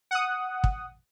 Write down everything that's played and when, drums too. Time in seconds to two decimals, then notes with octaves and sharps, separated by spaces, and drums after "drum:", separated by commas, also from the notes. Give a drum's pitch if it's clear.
0.11 F#5 D#6
0.64 drum: kick